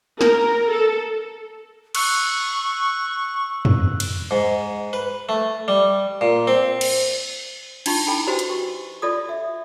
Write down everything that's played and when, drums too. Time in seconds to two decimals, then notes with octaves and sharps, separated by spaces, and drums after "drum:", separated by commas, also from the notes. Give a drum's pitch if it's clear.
0.21 A#4, drum: snare
0.72 A4
1.95 C#6 E6 F#6, drum: cymbal
3.65 drum: tom
4.00 drum: cymbal
4.31 G#2
4.93 B4
5.29 A3
5.68 G3
6.21 A#2
6.47 C4
6.81 drum: cymbal
7.86 D4 D#4 F4 C#6, drum: cymbal
8.07 E4 A4 G5 G#5 B5
8.27 F#4 G4 B4 C5 D#5
8.39 drum: hi-hat
8.50 C#6
9.02 F4 A4 D5 D#5 D#6
9.29 E5